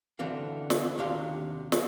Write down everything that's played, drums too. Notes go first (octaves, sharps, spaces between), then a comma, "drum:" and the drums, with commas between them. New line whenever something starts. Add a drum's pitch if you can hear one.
D3 E3 C4 F#4 F5
drum: snare
D#2 C3 D4 F#4 F5 C6
drum: snare